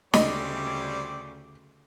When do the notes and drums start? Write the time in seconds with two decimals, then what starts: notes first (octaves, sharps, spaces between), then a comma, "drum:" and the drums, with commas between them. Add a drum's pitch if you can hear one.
0.14 D2 C#3 G3 C4 D5 D#5, drum: snare